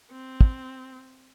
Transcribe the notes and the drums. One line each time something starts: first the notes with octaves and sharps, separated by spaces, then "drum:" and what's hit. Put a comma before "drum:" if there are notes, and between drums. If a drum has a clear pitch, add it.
C4
drum: kick